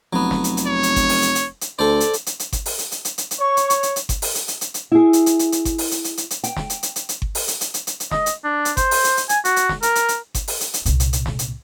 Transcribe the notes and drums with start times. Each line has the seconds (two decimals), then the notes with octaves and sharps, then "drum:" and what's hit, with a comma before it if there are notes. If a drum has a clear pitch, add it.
0.13 F1 F#3 B3
0.31 drum: snare
0.44 drum: hi-hat
0.57 drum: hi-hat
0.66 C#5
0.83 drum: hi-hat
0.96 drum: kick G1, hi-hat
1.09 drum: open hi-hat
1.22 drum: hi-hat
1.35 drum: hi-hat
1.61 drum: hi-hat
1.79 D2 A4 C5 D5
2.00 drum: hi-hat
2.13 drum: hi-hat
2.26 drum: hi-hat
2.39 drum: hi-hat
2.53 drum: kick G1, hi-hat
2.66 drum: open hi-hat
2.79 drum: hi-hat
2.92 drum: hi-hat
3.05 drum: hi-hat
3.18 drum: hi-hat
3.31 drum: hi-hat
3.40 C#5 C#6
3.57 drum: hi-hat
3.70 drum: hi-hat
3.83 drum: hi-hat
3.96 drum: hi-hat
4.09 drum: kick G1, hi-hat
4.22 drum: open hi-hat
4.35 drum: hi-hat
4.48 drum: hi-hat
4.61 drum: hi-hat
4.74 drum: hi-hat
4.92 E4 G#4
5.13 drum: hi-hat
5.26 drum: hi-hat
5.39 drum: hi-hat
5.52 drum: hi-hat
5.65 drum: kick G1, hi-hat
5.78 drum: open hi-hat
5.91 drum: hi-hat
6.04 drum: hi-hat
6.17 drum: hi-hat
6.30 drum: hi-hat
6.44 G5, drum: hi-hat
6.57 drum: snare
6.70 drum: hi-hat
6.83 drum: hi-hat
6.96 drum: hi-hat
7.09 drum: hi-hat
7.22 drum: kick G1
7.35 drum: open hi-hat
7.48 drum: hi-hat
7.61 drum: hi-hat
7.74 drum: hi-hat
7.87 drum: hi-hat
8.00 drum: hi-hat
8.11 D#5, drum: snare
8.26 drum: hi-hat
8.44 D4
8.65 drum: hi-hat
8.77 C5, drum: kick G1, hi-hat
8.91 drum: open hi-hat
9.04 drum: hi-hat
9.17 drum: hi-hat
9.29 G#5, drum: hi-hat
9.45 F#4, drum: hi-hat
9.56 drum: hi-hat
9.69 drum: snare
9.82 A#4, drum: hi-hat
9.95 drum: hi-hat
10.08 drum: hi-hat
10.35 drum: kick G1, hi-hat
10.48 drum: open hi-hat
10.61 drum: hi-hat
10.74 drum: hi-hat
10.86 C2 A#2, drum: hi-hat
11.00 drum: hi-hat
11.13 drum: hi-hat
11.26 drum: snare
11.39 drum: hi-hat